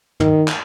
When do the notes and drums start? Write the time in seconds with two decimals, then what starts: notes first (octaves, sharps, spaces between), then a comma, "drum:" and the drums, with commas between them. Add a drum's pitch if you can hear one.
0.20 D#3, drum: tom
0.48 drum: clap